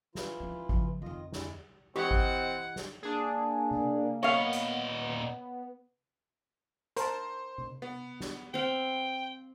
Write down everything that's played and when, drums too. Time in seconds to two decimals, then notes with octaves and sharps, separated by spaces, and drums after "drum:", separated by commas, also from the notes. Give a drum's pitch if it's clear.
0.15 E3 E4 F4, drum: snare
0.40 F3 C#4
0.69 C#3 F3, drum: kick G#1
1.02 F2 D3 D#3 F4 D#5
1.32 G#3 E4, drum: snare
1.96 E3 C4 G4 D#5 F#5
2.11 drum: kick G#1
2.76 drum: snare
3.03 A#3 D4 G#4
3.71 drum: tom C3
4.23 A#2 B3 C#5 D#5 F5
4.53 drum: hi-hat
6.97 A#4 C5 A5, drum: hi-hat
7.58 drum: tom C3
7.82 B3
8.20 drum: snare
8.54 C4 F5 G5